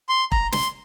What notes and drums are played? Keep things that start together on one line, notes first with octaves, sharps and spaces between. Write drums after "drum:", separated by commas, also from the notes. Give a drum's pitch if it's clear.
C6
A#5, drum: kick E1
C6, drum: snare